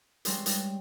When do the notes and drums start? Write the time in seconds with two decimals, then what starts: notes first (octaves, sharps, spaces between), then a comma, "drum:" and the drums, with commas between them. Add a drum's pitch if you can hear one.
0.25 G3 G#3 C#4 C6 E6 C7, drum: hi-hat
0.46 drum: hi-hat